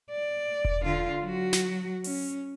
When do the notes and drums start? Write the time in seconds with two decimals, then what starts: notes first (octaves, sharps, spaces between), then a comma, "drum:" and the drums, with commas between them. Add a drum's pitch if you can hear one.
0.11 D5
0.65 drum: kick E1
0.83 D3 F4
1.22 F#3 F#4
1.53 drum: snare
2.04 C#4, drum: open hi-hat